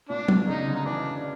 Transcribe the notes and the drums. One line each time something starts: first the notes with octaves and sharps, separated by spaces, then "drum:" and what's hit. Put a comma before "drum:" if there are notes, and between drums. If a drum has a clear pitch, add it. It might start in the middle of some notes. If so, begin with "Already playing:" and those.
A#2 D4
B2, drum: tom
C#3 D#4
D3
D#4
E3 D4